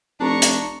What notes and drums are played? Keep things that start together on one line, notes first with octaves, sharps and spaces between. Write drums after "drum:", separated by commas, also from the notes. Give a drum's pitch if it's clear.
F1 D4 A#5 C#6
drum: hi-hat